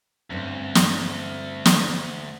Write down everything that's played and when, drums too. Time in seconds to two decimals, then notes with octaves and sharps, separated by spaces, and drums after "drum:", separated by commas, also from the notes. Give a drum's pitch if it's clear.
0.30 D2 G2 C4 C#4
0.75 drum: snare
1.66 drum: snare